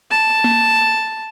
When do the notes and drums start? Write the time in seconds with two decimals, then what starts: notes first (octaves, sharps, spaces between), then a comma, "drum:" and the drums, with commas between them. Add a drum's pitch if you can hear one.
0.11 A5
0.44 drum: tom A#3